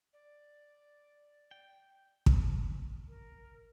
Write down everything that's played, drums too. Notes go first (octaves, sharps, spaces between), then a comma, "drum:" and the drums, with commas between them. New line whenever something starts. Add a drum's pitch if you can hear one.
D5
G5
drum: kick
A#4